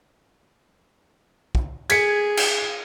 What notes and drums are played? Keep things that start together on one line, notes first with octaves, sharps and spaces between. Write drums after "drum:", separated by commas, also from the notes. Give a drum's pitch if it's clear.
drum: kick
G#4 G#6 B6 C#7, drum: cymbal
drum: cymbal